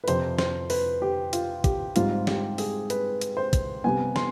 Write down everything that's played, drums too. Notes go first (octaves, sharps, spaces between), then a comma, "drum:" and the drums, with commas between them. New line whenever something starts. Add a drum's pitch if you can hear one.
B4
F2 C3 F3 C5, drum: hi-hat
C5, drum: snare
B4, drum: open hi-hat
G4
F4, drum: hi-hat
G4, drum: kick, hi-hat
G#2 G3 C4 F4, drum: hi-hat
G4, drum: snare
G#4, drum: open hi-hat
B4, drum: hi-hat
drum: hi-hat
C5
drum: kick, hi-hat
C3 G3 B3 G#5
C6, drum: snare